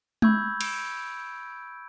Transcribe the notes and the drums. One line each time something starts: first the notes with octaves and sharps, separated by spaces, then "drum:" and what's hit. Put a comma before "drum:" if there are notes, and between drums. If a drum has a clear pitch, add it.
B5 C#6 E6 G6 G#6, drum: tom G#3
D7, drum: cymbal